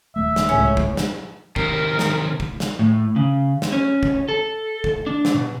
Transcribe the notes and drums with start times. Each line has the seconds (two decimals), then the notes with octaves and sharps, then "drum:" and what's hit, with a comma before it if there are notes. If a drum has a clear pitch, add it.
0.16 D#1 A3 E5
0.36 drum: snare
0.49 C#2 A2 C#4
0.77 drum: kick
0.97 drum: snare
1.56 C3 D#3 A#4, drum: kick
1.99 drum: snare
2.40 drum: kick
2.60 drum: snare
2.79 A2
3.16 C#3
3.62 drum: snare
3.72 C#4
4.03 drum: kick
4.29 A4
4.84 drum: kick
5.07 D4
5.25 drum: snare
5.34 B2